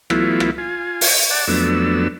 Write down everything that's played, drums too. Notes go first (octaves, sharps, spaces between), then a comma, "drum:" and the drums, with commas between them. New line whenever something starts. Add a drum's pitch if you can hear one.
E3 F#3 A3 B3 E4 F4, drum: rim click
drum: rim click
F4 G#5
drum: open hi-hat
D5 F#5 A5
F2 F#3 A3 B3 D4 E6